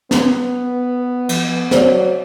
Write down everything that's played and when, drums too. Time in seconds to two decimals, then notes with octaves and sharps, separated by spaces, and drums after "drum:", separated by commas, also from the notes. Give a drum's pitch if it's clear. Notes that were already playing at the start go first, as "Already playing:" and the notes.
0.11 B3, drum: snare
1.29 F3, drum: cymbal
1.71 F#3 C5 D5, drum: snare